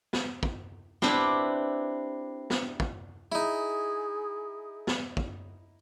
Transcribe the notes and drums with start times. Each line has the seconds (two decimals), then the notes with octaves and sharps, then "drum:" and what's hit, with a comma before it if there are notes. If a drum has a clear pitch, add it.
0.13 drum: snare
0.43 drum: kick
1.02 C4 D4 E4 G4 B4, drum: snare
2.50 drum: snare
2.80 drum: kick
3.32 D#4 E4 G#4
4.87 drum: snare
5.17 drum: kick